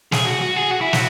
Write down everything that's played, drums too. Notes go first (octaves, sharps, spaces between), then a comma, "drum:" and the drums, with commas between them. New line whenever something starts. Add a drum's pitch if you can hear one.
G#4, drum: snare
F#4
F#4
G#4
F#4
E4
F#4, drum: snare